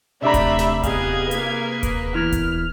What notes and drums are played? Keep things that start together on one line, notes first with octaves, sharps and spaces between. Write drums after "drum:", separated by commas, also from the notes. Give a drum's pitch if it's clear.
C3 A3 D4 G4 E5 A#5 B5
drum: kick D#1, hi-hat
drum: snare
B3 G4 G#4 D#5 F5 G#6, drum: kick D#1, hi-hat
A#3 G#4 A#4 B4, drum: hi-hat
drum: kick D#1, hi-hat
E2 E4 F6
drum: kick D#1, hi-hat